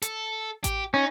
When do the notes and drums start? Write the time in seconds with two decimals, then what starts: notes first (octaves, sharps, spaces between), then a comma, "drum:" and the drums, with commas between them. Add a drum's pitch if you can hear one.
0.02 A4, drum: hi-hat
0.64 G4, drum: kick A1, hi-hat
0.94 C#4 D#4